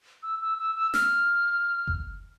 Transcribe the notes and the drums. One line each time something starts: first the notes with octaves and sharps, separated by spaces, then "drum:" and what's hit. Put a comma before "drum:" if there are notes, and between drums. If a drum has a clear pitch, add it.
E6
E6
E6
E6
F6, drum: snare
drum: kick F#1